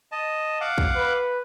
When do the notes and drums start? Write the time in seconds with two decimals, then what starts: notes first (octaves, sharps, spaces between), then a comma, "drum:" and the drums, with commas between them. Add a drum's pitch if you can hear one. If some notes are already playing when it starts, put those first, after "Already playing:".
0.12 D#5 A5
0.61 F5 F#5 D6
0.78 drum: kick
0.96 B4